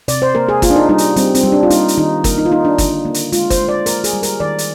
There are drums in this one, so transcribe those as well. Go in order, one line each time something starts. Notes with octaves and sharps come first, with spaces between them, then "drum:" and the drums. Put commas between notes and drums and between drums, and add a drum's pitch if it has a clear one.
C3 D5, drum: hi-hat
C5
A#3 A#4
G#4
A#3 F4, drum: kick, hi-hat
D4
D#4
G3 D#4
drum: hi-hat
G3 C4, drum: hi-hat
C4, drum: hi-hat
G3
D4
F4
A#3 D#4, drum: hi-hat
drum: hi-hat
D#3 D#4
A#3 A#4, drum: kick, hi-hat
D#4
F4
A#3 D#4
D4
D3, drum: kick, hi-hat
A#3
drum: hi-hat
G#3 F4, drum: hi-hat
C5, drum: kick, hi-hat
G#3
D5
A#3 A#4, drum: hi-hat
G#4, drum: hi-hat
G3
A#4, drum: hi-hat
D#3 D5
drum: hi-hat